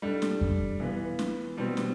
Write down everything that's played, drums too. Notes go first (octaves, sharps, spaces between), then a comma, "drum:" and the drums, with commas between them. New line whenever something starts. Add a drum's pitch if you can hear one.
G3 D4 A4
drum: snare
drum: kick F2
E3 B3 F4 B4
drum: snare
B2 G3 C4
drum: snare